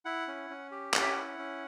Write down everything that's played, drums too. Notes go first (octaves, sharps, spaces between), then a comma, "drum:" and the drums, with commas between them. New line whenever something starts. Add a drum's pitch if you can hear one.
E4 F#5
C#4
C#4
G4
C#4 F#5, drum: clap
E5
F#5
E4
C#4